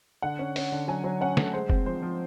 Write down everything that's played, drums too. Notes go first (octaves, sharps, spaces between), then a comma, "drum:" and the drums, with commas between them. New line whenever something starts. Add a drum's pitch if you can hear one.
D3 F#5
C#4
C#4, drum: open hi-hat
D3
F#3 G#5
F#3
C#4 F#5
A3, drum: snare
G#3 C5
C4, drum: kick
F3 C5
F3